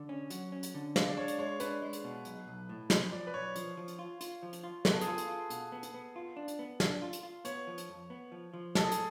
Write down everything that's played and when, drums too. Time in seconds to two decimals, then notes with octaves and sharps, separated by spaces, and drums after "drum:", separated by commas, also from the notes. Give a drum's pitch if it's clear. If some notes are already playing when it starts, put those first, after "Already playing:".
Already playing: D3
0.09 C#4
0.30 F#3, drum: hi-hat
0.52 C#4
0.63 drum: hi-hat
0.74 D3
0.96 G#3 F5, drum: snare
1.08 D5
1.17 D4 C#5
1.28 drum: hi-hat
1.38 G#3 C#5
1.60 D4 B4, drum: hi-hat
1.82 G#3
1.93 drum: hi-hat
2.04 B2
2.25 B1, drum: hi-hat
2.47 B1
2.69 A2
2.90 F3, drum: snare
3.12 F3 D5
3.27 B4
3.34 B1 C#5
3.56 F3, drum: hi-hat
3.77 F3
3.88 drum: hi-hat
3.99 F4
4.21 F4, drum: hi-hat
4.43 F3
4.53 drum: hi-hat
4.64 F4
4.85 B3 B4, drum: snare
4.93 A4
5.01 G#4, drum: hi-hat
5.07 F4 A4
5.18 drum: hi-hat
5.29 F4
5.50 B2, drum: hi-hat
5.72 B3
5.83 drum: hi-hat
5.94 B3
6.16 F4
6.36 D4
6.48 drum: hi-hat
6.59 B3
6.80 D4, drum: snare
7.02 F4
7.13 drum: hi-hat
7.23 F4
7.45 B3 C#5, drum: hi-hat
7.67 F3
7.78 drum: hi-hat
7.89 F2
8.10 B3
8.32 F3
8.54 F3
8.75 A2 A4, drum: snare
8.83 G#4
8.92 A4, drum: hi-hat